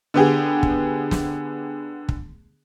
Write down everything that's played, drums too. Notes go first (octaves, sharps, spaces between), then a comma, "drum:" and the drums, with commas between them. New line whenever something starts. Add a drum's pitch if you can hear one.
D3 B3 G4 G#4
drum: kick
drum: snare
drum: kick